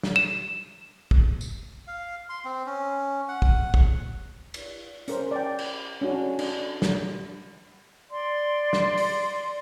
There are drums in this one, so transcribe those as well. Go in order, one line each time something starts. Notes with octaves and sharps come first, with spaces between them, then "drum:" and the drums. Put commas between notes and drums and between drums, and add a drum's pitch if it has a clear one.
drum: snare
E7
drum: kick
drum: tambourine
F5
C6
C4
C#4
F#5
drum: kick
drum: kick
drum: cymbal
C#4 A#4 C5, drum: hi-hat
D5 G5
drum: cymbal
C#4 D4 F#4
D4, drum: cymbal
drum: snare
D5 C6
drum: snare
drum: open hi-hat